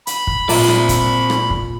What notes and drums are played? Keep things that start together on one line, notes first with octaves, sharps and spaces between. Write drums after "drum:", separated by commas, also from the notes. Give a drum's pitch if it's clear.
B5, drum: hi-hat
drum: kick
A#2 C4 D5 E5, drum: open hi-hat
drum: rim click
drum: kick, hi-hat
drum: rim click
drum: kick